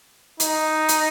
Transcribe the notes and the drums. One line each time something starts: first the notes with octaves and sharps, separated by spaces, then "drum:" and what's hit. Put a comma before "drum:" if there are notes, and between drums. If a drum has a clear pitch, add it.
D#4, drum: hi-hat
drum: hi-hat